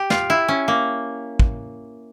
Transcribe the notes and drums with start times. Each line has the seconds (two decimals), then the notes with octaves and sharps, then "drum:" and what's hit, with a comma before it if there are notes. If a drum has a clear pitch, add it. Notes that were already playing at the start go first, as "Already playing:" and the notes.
Already playing: G4
0.10 F4, drum: snare
0.30 E4
0.48 C#4
0.68 A#3
1.40 drum: kick